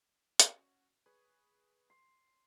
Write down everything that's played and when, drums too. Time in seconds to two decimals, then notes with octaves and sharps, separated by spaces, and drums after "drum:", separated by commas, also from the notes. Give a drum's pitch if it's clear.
0.40 C#4 F#4, drum: hi-hat
1.06 G#4 B4 C#5
1.90 C6